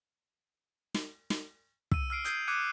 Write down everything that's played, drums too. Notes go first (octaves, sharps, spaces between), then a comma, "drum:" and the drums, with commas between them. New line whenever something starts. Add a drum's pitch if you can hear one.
drum: snare
drum: snare
E6 D#7, drum: kick
E6 F6 C7 D7
D#6 G6 G#6 C7 D#7, drum: hi-hat
D6 E6 F#6 G#6 C#7 D#7